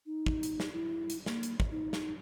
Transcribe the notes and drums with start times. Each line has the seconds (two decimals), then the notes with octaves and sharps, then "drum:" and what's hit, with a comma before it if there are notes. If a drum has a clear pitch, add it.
0.06 D#4
0.26 drum: kick
0.43 drum: hi-hat
0.60 drum: snare
0.73 E4
1.10 drum: hi-hat
1.26 A#3, drum: snare
1.43 drum: hi-hat
1.60 drum: kick
1.71 D#4
1.93 drum: snare